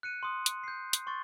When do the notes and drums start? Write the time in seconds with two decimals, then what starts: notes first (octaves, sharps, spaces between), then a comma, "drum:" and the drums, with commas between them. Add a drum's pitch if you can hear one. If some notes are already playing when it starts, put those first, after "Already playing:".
0.03 F#6 C#7 D#7
0.23 C6 D#6
0.46 drum: hi-hat
0.64 G6 C7
0.93 drum: hi-hat
1.07 C6 C#6 G6 A6